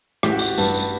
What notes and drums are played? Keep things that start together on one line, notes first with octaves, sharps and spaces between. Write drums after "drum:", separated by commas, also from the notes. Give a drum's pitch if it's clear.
A1 G4, drum: rim click
F#4
G4, drum: tambourine
G2, drum: tambourine
drum: tambourine